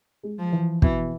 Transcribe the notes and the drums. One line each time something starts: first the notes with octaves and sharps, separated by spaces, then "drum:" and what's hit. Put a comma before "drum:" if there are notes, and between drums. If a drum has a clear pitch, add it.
G#3
F3
E3
B2 E3, drum: kick